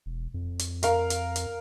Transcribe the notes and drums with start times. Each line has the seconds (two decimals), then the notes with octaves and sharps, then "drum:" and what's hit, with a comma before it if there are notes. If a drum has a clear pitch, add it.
0.06 E1
0.34 F2
0.59 drum: hi-hat
0.83 A#4 F5, drum: hi-hat
1.10 drum: hi-hat
1.36 drum: hi-hat